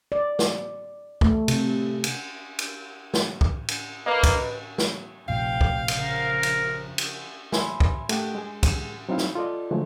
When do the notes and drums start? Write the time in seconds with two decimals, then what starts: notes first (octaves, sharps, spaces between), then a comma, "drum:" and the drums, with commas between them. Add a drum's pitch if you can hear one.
0.12 D5
0.39 drum: snare
1.21 A3, drum: kick
1.48 C3, drum: cymbal
2.04 drum: cymbal
2.59 drum: cymbal
3.14 drum: snare
3.41 drum: kick
3.68 drum: cymbal
4.06 A#3 B4 D#5
4.23 drum: kick, cymbal
4.78 drum: snare
5.28 F1 A#1 F2 A#2 F5 G5
5.61 drum: kick
5.88 drum: cymbal
5.99 C#3 F3 A#4
6.43 drum: cymbal
6.98 drum: cymbal
7.52 E5 G#5 B5 C6, drum: snare
7.80 drum: kick
8.09 A3 G4 F#5 G5, drum: cymbal
8.35 G#3 G#4
8.63 drum: kick, cymbal
9.09 F#3 C4 D#4 E4 F5
9.18 drum: snare
9.35 F4 A4 D5 D#5
9.71 D3 F3 F#3 G#3 A3